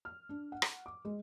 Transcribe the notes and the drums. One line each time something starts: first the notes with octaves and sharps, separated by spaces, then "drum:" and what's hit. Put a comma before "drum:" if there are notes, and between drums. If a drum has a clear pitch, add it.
F6
D4
F#5
drum: rim click
D6
G#3